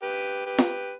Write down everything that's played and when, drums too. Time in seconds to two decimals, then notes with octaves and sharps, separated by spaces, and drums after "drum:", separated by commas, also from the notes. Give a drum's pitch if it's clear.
0.03 G4 B4
0.46 G4 B4
0.58 drum: snare F4